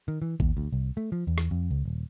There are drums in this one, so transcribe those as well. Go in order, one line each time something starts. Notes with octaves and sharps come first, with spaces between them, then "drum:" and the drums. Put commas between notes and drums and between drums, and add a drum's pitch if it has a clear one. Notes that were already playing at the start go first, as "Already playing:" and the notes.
D#3
E3
D#2, drum: kick A1
D2
C2
A3
F3
E2
drum: rim click
F2
C#2
D#1